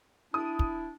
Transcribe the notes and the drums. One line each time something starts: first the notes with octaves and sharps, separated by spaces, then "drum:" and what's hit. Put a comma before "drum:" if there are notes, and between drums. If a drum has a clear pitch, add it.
D4 E4 D#6
drum: kick